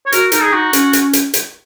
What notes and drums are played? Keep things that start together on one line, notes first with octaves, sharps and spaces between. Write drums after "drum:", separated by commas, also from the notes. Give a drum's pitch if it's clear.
C#5
F#4 A#4, drum: hi-hat
D#4 A#4, drum: hi-hat
G#4
D#4 F#4
C#4, drum: hi-hat
drum: hi-hat
drum: hi-hat
drum: hi-hat